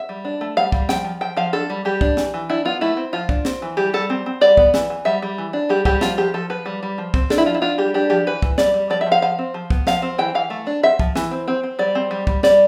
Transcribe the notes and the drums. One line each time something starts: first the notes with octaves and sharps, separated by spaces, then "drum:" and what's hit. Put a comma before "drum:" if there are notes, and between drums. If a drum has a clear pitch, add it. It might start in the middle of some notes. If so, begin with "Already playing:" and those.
Already playing: E5
G3
D4
A3
G3 F5
G3, drum: kick
F3 G5, drum: snare
F3
F3 G5
F3 F5
D4 A4
G3
G3 G4
D4, drum: kick
E3, drum: snare
E3
D4 E4
B3 F4
A3 E4
C4
F3 F4
D4, drum: kick
C4, drum: snare
E3
G3 G4
G3 A4
C4
C4
G3 D5
B3, drum: kick
E3, drum: snare
E3
G3 E5
G3
E3
D4
G3 G4
G3 G4, drum: kick
F3 F4, drum: snare
F3 G4
F3 A4
F3 B4
G3
G3
F3
C4, drum: kick
D4 A4, drum: snare
E4
F3 F4
E4
D4 F4
G3 G4
D4 G4
F3 G4
E3 B4
E3, drum: kick
G3 D5, drum: snare
G3
F3 D5
E5
F3
F5
F3 F5
C4
F3
B3, drum: kick
F3 F5, drum: snare
C4
E3 G5
E3 F5
A3
D4
C4 E5
F3, drum: kick
E3, drum: snare
C4
C4
C4
G3 D5
C4
G3
G3, drum: kick
G3 D5, drum: snare